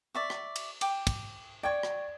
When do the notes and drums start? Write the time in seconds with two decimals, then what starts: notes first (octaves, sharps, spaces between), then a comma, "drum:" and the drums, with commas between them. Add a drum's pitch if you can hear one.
0.15 D5 E5 C#6
0.30 drum: rim click
0.56 drum: cymbal
0.81 G5 D6, drum: cymbal
1.07 drum: kick, cymbal
1.63 D5 G5 C#6 G#6
1.83 drum: rim click